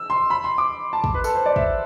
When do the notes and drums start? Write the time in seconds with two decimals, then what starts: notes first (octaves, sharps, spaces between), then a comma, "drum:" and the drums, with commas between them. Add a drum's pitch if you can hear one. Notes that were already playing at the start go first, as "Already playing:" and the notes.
Already playing: E6
0.10 C6
0.30 B5
0.44 C6
0.58 D6
0.93 A5
1.04 drum: kick
1.14 B4
1.24 A4, drum: tambourine
1.35 C5
1.46 D5
1.56 E5, drum: kick